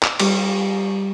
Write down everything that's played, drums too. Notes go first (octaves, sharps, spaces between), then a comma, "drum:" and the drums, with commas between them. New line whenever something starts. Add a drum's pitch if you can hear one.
drum: clap
G3, drum: cymbal